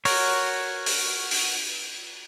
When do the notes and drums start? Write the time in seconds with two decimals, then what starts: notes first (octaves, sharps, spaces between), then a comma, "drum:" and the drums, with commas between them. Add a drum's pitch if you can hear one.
0.05 F#4 A#4 C#5, drum: open hi-hat
0.86 drum: open hi-hat
1.31 drum: open hi-hat